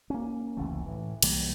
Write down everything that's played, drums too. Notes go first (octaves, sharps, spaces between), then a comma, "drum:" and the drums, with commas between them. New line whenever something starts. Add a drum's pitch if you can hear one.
A#3 C#4
F1 C#2 E3 A3
A2 E3
B1 E3 G3 A#3, drum: cymbal